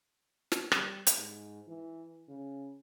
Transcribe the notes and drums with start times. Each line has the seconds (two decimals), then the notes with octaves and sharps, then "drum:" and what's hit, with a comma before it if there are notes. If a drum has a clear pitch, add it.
0.52 drum: snare
0.72 G3, drum: rim click
1.07 drum: hi-hat
1.18 G#2
1.67 E3
2.28 C#3